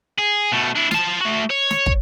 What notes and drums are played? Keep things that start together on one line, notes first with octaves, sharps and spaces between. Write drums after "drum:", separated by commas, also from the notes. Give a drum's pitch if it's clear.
G#4
B2 A3
D4 E4
F4 A5, drum: snare
A3 F#4
C#5
drum: snare
drum: kick